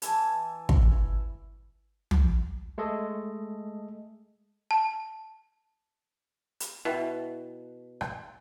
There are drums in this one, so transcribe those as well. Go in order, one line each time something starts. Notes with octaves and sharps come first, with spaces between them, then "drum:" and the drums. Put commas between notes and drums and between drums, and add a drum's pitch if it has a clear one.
E3 E4 G#5 A5, drum: hi-hat
drum: kick
drum: tom
G#3 A3 A4 D#5
A5
drum: hi-hat
B2 E4 E5 G5
drum: rim click